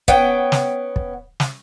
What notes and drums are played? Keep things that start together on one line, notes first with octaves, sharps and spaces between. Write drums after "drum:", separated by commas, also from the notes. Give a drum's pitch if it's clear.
B3 C#4 G5, drum: kick
drum: snare
drum: kick
drum: snare